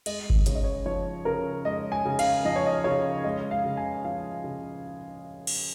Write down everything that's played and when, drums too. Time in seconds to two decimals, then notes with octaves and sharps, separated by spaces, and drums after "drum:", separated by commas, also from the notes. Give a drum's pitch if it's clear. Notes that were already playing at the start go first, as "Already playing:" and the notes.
0.06 G#3 D#5, drum: cymbal
0.30 drum: kick G1
0.46 C#3 C#5, drum: hi-hat
0.55 D#5
0.64 C#5
0.86 F3 C#5
1.25 C#3 A#4
1.65 G#3 D#5
1.92 G#5
2.05 C#3
2.19 F5, drum: cymbal
2.45 F3 D#5
2.56 C#5
2.66 D#5
2.84 C#3 C#5
3.24 G#3 D#5
3.51 F5
3.65 C#3
3.77 G#5
4.04 F3 F5
4.44 C#3
5.47 drum: cymbal